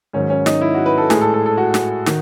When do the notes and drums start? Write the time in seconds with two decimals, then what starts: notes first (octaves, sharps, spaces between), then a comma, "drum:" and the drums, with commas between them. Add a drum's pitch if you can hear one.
0.13 G#2 D#3 F#3 C#4
0.30 C#4
0.46 D#4, drum: snare
0.61 E4
0.75 F#4
0.86 B4
0.98 A4
1.10 A2 G#3 G#4, drum: snare
1.21 A4
1.34 A4
1.46 A4
1.58 F#4
1.74 drum: snare
2.06 D#3, drum: snare